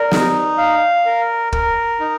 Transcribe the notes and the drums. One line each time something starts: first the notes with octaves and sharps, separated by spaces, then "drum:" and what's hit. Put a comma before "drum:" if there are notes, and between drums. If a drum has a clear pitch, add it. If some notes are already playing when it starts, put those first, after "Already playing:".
Already playing: A#4 D5
D#4, drum: snare
F5
A#4
A#4, drum: kick
D#4